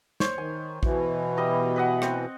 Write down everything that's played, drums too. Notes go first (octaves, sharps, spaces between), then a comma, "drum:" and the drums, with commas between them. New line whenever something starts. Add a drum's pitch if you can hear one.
C5 C#5, drum: snare
D#3 G#5
B2 E3, drum: kick A#1
G3 D#5 A#5
B4 D#5 F#5
C4, drum: rim click